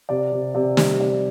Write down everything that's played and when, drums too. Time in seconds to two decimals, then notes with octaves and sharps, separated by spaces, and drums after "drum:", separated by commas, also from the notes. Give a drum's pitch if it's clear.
0.09 C3 D5
0.32 C3
0.55 C3 D5
0.77 G3, drum: snare
1.00 C3 D5